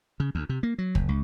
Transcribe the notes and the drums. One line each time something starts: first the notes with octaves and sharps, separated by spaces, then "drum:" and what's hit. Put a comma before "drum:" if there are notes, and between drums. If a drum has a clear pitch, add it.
C#3
D2
C3
A#3
F#3
F#1, drum: kick
C#2